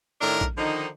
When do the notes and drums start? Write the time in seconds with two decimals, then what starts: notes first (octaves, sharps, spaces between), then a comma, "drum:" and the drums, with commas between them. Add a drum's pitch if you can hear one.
0.20 A2 D#3 D4 E4 A#4
0.41 drum: kick A#1
0.57 D3 D#3 F3 D#4